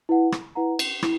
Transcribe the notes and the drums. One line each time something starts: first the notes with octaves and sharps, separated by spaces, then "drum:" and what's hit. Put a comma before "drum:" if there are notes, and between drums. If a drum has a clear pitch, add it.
E4 B4 F#5
drum: rim click
E4 B4 F#5 A#5
drum: cymbal
E4, drum: rim click